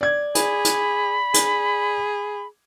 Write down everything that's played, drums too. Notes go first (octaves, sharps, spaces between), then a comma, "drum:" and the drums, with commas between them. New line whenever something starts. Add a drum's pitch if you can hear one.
D5 G#6
G#4 B5, drum: hi-hat
drum: hi-hat
G#4, drum: hi-hat